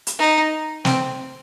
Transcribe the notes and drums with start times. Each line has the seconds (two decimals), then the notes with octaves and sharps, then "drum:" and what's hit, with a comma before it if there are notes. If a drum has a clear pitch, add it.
0.07 drum: hi-hat
0.19 D#4
0.85 C4, drum: snare